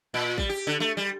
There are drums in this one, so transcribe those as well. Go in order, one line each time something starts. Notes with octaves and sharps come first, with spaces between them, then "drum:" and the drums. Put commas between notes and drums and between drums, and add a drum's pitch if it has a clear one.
A#2
G3, drum: kick
G4
D3
A3
G3